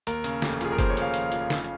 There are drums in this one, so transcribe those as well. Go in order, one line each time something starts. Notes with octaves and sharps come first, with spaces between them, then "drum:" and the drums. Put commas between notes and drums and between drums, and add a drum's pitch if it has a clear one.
D#2 A#4, drum: hi-hat
C#3, drum: hi-hat
F1, drum: snare
F3 G#4, drum: hi-hat
A#4
D#2 C5, drum: kick F#1, hi-hat
C#5
C#3 F5, drum: hi-hat
F1, drum: hi-hat
F3, drum: hi-hat
C#3, drum: snare